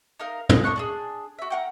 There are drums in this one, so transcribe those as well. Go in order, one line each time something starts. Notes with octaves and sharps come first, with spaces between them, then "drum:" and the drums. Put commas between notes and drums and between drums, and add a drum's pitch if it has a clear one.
D#4 A#4 F5
G#4 D#5, drum: tom
D4 D#4 C#6 F#6
D4 F#4 G#4
F#4 E5
A#4 F#5 G5